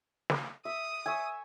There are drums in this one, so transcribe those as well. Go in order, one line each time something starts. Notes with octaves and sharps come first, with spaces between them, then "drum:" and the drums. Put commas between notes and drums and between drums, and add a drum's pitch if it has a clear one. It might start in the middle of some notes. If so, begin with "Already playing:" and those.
drum: snare
E5 D#6
C#5 E5 G#5